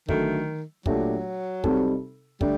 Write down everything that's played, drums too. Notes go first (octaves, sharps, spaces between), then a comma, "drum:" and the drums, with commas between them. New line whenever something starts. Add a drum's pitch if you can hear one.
D3 D#3 F#3 A3, drum: kick
A#2 F#3 A3 D4 G4, drum: kick
C3 G3 C4 D#4 A4, drum: kick
D3 G3 A3 D4, drum: kick